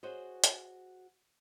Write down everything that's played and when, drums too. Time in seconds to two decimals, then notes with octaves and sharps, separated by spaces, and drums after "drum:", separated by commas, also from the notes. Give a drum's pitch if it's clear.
0.03 F#4 G#4 C5 C#5 D#5
0.44 drum: hi-hat